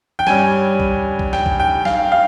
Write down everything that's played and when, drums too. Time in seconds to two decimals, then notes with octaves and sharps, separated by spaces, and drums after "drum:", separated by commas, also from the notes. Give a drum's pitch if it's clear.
0.19 G5
0.27 G2 G3 C#4 G#5, drum: snare
0.80 drum: kick B1
1.19 drum: kick B1
1.33 G5, drum: snare
1.46 drum: kick B1
1.60 G5
1.85 F5, drum: snare
2.12 F5